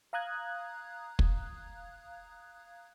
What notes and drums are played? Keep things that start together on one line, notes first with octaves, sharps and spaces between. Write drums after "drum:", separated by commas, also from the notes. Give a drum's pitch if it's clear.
F5 A#5 D#6 F#6 G#6
drum: kick